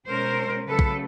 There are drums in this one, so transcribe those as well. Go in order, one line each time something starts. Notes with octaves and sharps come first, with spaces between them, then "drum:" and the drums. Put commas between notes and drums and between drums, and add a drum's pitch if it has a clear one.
B2 G#3 C#4 A#4 C5
C#3 F#3 A3 A4 B4
drum: kick